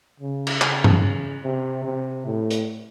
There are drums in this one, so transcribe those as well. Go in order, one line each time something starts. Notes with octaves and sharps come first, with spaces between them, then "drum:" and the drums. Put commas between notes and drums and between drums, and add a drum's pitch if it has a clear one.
C#3
drum: cymbal
C#3, drum: clap
drum: tom G2
C3
C3
A2
drum: hi-hat